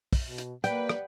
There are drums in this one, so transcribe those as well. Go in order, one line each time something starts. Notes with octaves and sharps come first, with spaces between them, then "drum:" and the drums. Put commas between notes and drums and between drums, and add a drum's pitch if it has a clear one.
drum: kick, open hi-hat
B2
drum: hi-hat
G3 A#3 B4 F#5 G5, drum: hi-hat
drum: rim click